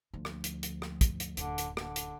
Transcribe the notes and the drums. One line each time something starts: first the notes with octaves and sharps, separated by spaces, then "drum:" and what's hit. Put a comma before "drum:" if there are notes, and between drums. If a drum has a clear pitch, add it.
D2 F3
drum: rim click
drum: hi-hat
drum: hi-hat
drum: rim click
drum: kick, hi-hat
drum: hi-hat
D1 F#2 D3, drum: hi-hat
drum: hi-hat
D3, drum: rim click
drum: hi-hat